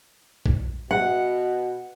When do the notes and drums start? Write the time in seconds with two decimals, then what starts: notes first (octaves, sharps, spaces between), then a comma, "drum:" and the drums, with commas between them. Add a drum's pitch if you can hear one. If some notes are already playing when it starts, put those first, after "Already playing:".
0.46 drum: kick A#1
0.91 B2 F#5